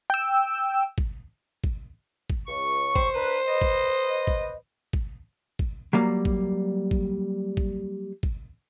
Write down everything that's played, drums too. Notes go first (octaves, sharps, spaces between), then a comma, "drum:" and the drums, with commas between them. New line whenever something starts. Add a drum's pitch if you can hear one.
G5 E6
drum: kick G#1
drum: kick G#1
drum: kick G#1
C#2 C#6
C5, drum: kick G#1
D4 A#4 B4
B4 D#5
drum: kick G#1
drum: kick G#1
drum: kick G#1
drum: kick G#1
F#3 G3 A#3
drum: kick G#1
drum: kick G#1
drum: kick G#1
drum: kick G#1